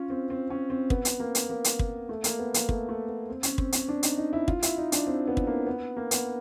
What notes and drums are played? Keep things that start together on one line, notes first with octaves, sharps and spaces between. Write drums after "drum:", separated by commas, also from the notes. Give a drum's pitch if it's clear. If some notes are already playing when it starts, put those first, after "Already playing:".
Already playing: C#4 F4
C4
C4
C#4
C4
B3, drum: kick
drum: hi-hat
A#3
drum: hi-hat
A#3
drum: hi-hat
drum: kick
A3
A#3, drum: hi-hat
B3
A#3, drum: hi-hat
A3, drum: kick
A3
B3
C4
C#4, drum: hi-hat
C4, drum: kick
C#4, drum: hi-hat
D4
D#4, drum: hi-hat
D#4
E4
F4, drum: kick
E4, drum: hi-hat
D#4
D4, drum: hi-hat
C4
B3
drum: kick
A#3
B3
A#3
B3, drum: hi-hat